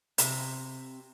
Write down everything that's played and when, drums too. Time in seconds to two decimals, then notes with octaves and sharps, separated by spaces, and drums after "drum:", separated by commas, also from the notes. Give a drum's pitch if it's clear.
0.18 C3, drum: hi-hat